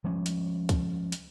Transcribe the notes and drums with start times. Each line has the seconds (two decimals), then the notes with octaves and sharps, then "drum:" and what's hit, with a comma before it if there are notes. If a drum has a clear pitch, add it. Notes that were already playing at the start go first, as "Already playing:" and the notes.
0.04 F3 G3 G#3 C#4
0.26 drum: hi-hat
0.69 drum: kick, hi-hat
1.12 drum: hi-hat